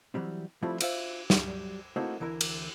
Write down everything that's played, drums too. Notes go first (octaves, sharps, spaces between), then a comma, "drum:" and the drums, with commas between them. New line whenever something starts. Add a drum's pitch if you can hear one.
E3 F#3 G3 C4
F3 G3 A3 C4 E4 F4
F4 C5 E5 F5, drum: cymbal
F#3 G3, drum: snare
A3 A#3 C4 D#4 E4 F#4
D2 E3 E4 A#4
drum: cymbal